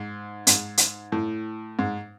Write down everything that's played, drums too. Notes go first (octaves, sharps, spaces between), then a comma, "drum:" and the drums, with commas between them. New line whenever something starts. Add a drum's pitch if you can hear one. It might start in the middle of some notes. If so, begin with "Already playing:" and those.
Already playing: G#2
G#2, drum: hi-hat
drum: hi-hat
A2
G#2